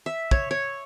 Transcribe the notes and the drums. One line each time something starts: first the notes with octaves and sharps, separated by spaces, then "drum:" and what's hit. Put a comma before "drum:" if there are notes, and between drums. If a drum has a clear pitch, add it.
E5
C#5, drum: kick
C#5